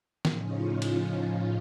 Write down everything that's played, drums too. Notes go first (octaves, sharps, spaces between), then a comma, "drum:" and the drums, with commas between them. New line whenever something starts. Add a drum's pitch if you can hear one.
A2 C#3 F3 C#4 D#4 F4, drum: snare
drum: cymbal